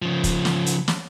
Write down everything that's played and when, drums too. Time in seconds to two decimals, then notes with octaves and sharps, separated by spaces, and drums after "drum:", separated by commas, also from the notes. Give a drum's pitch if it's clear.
0.02 C#3 F3
0.24 drum: kick, hi-hat
0.45 drum: snare
0.66 drum: hi-hat
0.88 drum: snare